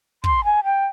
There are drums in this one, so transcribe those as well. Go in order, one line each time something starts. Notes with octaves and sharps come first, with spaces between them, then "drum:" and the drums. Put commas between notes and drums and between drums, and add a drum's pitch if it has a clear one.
C6, drum: kick
G#5
G5